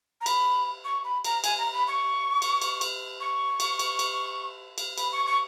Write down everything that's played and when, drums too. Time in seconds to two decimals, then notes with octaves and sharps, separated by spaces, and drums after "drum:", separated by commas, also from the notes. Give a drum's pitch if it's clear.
0.21 A#5
0.26 B5, drum: cymbal
0.85 C#6
1.04 B5
1.24 A#5, drum: cymbal
1.44 G#5, drum: cymbal
1.58 A#5
1.73 B5
1.88 C#6
2.42 drum: cymbal
2.62 drum: cymbal
2.81 drum: cymbal
3.20 C#6
3.60 drum: cymbal
3.79 drum: cymbal
3.99 drum: cymbal
4.78 drum: cymbal
4.98 B5, drum: cymbal
5.12 C#6
5.26 C#6